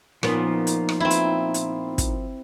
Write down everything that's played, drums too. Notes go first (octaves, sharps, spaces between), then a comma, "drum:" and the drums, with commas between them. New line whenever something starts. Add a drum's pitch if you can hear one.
A#2 F3 B3 C#4 D#4 F4, drum: rim click
drum: hi-hat
drum: rim click
C4 E4
drum: hi-hat
drum: hi-hat
drum: kick, hi-hat